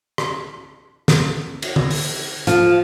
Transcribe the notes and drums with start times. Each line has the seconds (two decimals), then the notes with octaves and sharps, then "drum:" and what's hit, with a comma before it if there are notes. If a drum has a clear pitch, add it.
0.18 drum: rim click
1.08 drum: snare
1.62 drum: cymbal
1.76 drum: tom D3
1.91 drum: open hi-hat
2.47 F3, drum: hi-hat